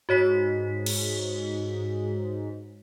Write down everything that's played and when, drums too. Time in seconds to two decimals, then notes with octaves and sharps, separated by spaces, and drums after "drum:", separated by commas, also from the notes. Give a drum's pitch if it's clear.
0.09 G#2 F#4 C#5 B6
0.86 drum: cymbal